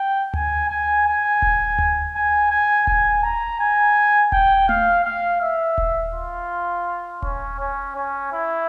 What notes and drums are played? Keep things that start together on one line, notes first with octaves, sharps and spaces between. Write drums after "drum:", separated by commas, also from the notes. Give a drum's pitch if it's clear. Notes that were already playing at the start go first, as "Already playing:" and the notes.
Already playing: G5
G#5, drum: tom D2
G#5
G#5
drum: kick D#1
drum: tom D2
G#5
G#5
G#5, drum: kick D#1
A#5
G#5
G5, drum: kick D#1
F5, drum: tom A3
F5
E5
drum: kick D#1
F4
C#4, drum: kick D#1
C#4
C#4
E4